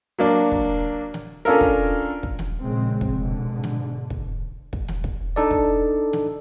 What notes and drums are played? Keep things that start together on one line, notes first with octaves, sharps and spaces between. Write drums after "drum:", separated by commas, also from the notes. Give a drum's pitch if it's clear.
F#3 A#3 D4
drum: kick
drum: snare
C#4 D4 F4 A4 A#4
drum: kick
drum: kick
drum: snare
A#1 A#2 C#3 G#3 C4
drum: kick
G#2 B2 D3
drum: snare
drum: kick
drum: kick
drum: snare
drum: kick
D4 D#4 A4 D5
drum: kick
drum: snare